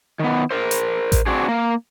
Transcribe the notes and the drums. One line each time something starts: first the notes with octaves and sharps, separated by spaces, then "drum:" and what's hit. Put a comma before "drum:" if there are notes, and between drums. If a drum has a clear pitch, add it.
D#3 B3
A#4 C5
drum: hi-hat
drum: kick A1, hi-hat
C4 D4 F#4 G#4
A#3